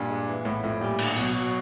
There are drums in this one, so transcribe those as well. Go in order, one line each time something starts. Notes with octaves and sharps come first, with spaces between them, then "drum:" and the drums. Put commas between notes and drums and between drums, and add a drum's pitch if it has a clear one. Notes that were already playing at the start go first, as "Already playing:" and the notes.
Already playing: G2 A#2
G#3
E3
A2 B3
F2 A2
A#2 G3
D3, drum: cymbal
B2 F#3, drum: tambourine
F#3